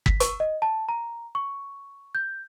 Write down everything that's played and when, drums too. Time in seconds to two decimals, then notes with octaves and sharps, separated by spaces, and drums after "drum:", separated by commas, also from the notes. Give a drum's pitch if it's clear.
0.06 B6, drum: kick
0.20 C#6, drum: hi-hat
0.40 D#5
0.62 A5
0.89 A#5
1.35 C#6
2.15 G6